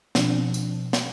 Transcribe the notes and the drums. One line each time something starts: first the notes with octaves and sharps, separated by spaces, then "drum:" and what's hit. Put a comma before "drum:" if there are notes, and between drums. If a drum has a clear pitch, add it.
B2 F3 C4 D4, drum: snare
drum: tambourine
drum: snare